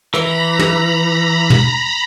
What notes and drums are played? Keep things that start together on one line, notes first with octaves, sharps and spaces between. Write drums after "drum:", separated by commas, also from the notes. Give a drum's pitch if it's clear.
E3 A#5 B5, drum: rim click
drum: tom
drum: tom